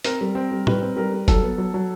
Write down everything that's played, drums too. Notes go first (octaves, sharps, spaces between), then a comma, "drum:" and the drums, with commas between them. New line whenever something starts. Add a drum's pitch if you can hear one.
C4 A#4, drum: hi-hat
G3
C4
G3
G3 B4, drum: tom A2
C4
G3 A#4
G3
F#3 A4, drum: kick F#1, hi-hat
B3
F#3
F#3